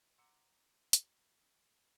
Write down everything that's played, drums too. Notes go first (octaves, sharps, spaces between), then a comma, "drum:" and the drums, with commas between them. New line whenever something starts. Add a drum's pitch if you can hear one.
F#5 A#5 C6 D6 E6 C#7
drum: hi-hat